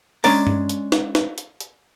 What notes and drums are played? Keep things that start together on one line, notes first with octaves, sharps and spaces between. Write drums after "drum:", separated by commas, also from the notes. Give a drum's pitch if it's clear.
G#3 C#4 D4 D5 A#5, drum: open hi-hat
drum: tom G2
drum: hi-hat
drum: snare
drum: snare
drum: hi-hat
drum: hi-hat